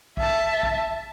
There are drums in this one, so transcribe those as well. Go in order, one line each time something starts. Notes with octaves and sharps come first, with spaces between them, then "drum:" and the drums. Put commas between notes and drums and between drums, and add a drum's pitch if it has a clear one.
E5 A5, drum: kick
drum: kick